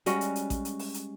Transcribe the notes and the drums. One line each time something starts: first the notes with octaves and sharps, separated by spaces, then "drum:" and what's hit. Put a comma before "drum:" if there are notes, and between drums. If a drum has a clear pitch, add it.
G3 G#3 C#4 F#4, drum: hi-hat
drum: hi-hat
drum: hi-hat
drum: kick A1, hi-hat
drum: hi-hat
drum: open hi-hat
drum: hi-hat